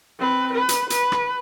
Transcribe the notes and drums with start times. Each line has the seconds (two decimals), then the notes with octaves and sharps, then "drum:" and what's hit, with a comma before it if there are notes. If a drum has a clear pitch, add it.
0.19 C4 B4
0.54 B4
0.69 drum: hi-hat
0.90 B4, drum: hi-hat
1.12 drum: rim click